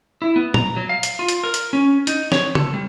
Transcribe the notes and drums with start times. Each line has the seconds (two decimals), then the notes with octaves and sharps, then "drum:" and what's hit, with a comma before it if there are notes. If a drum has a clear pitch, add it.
0.22 E4
0.36 B3
0.54 A#5, drum: tom
0.76 F#3
0.89 F5
1.03 drum: hi-hat
1.19 F4
1.29 drum: hi-hat
1.44 A#4
1.54 drum: hi-hat
1.73 C#4
2.07 D#4, drum: hi-hat
2.32 C#5, drum: snare
2.55 A4, drum: tom C#3
2.74 G3